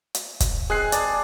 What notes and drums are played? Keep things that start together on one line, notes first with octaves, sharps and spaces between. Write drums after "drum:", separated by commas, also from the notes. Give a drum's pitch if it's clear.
drum: hi-hat
drum: kick, hi-hat
G#3 C4 G#4 F#6 C7
D5 A5, drum: hi-hat